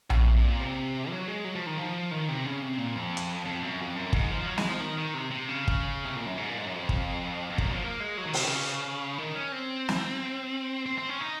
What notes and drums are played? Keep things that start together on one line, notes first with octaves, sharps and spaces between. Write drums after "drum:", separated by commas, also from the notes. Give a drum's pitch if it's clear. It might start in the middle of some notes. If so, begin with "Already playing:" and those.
C#3, drum: tom A#1
C3
C3
A#2
C3
F#3
G#3
F#3
F3
D#3
F3
D#3
C3
C#3
C3
A#2
F2
drum: hi-hat
F2
F#2
F2
F#2
G#2, drum: kick
F3
F3
F#3
G#3, drum: snare
F3
D#3
D#3
C3
C3
C#3
drum: kick
C3
A#2
F#2
G#2
A#2
G#2
F#2
F2
drum: kick
F2
F#2, drum: kick
A#2
F#3
F3
A#3
G#3
F#3
D#3
C3, drum: open hi-hat
C#3
D#3
C#4
C4
drum: snare
C4
C4
C#4
D#4